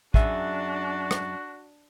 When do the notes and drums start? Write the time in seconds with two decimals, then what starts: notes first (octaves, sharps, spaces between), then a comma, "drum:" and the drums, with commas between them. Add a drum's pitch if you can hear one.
0.14 F#2 D4 F#4 G#4 E5, drum: kick A1
1.11 drum: rim click